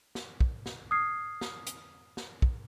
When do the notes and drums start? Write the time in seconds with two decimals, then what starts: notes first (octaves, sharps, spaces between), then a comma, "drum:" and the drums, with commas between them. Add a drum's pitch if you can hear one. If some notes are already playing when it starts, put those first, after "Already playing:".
0.15 drum: snare
0.41 drum: kick
0.66 drum: snare
0.91 D#6 F6 G#6 C7
1.41 drum: snare
1.67 drum: hi-hat
2.17 drum: snare
2.42 drum: kick